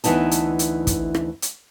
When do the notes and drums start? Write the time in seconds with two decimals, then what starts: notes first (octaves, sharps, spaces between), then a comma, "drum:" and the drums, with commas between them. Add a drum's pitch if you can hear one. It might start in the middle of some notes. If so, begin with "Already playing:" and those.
0.04 D2 E3 B3 D#4 A5, drum: hi-hat
0.31 drum: hi-hat
0.59 drum: hi-hat
0.87 drum: kick, hi-hat
1.15 drum: rim click
1.42 drum: hi-hat